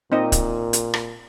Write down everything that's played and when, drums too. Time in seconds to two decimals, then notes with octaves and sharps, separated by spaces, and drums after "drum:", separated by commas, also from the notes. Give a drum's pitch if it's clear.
0.12 A#2 C4 D#4 D#5
0.32 drum: kick C#1, hi-hat
0.73 drum: hi-hat
0.94 drum: rim click